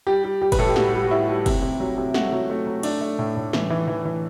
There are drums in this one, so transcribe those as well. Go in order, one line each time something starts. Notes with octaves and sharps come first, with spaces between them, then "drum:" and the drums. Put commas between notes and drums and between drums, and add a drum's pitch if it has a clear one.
G3 G4
G3
G3 G4
B4, drum: kick, cymbal
A2 A4
G4
G3 F#4, drum: snare
G3
F#4
G3 E4
G3
C3, drum: kick, cymbal
C3
F#3
C3
A3 F#4, drum: snare
F#3
A3
F#3
A3 D4, drum: cymbal
A3
A2
A2
E3, drum: snare
E3
E3
E3